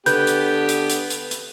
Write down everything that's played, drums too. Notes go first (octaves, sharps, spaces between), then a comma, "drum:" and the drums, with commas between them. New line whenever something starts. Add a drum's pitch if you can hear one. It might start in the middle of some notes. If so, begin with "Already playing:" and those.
D3 B3 G4 B4 G6, drum: hi-hat
drum: hi-hat
drum: hi-hat
drum: hi-hat
drum: hi-hat
drum: hi-hat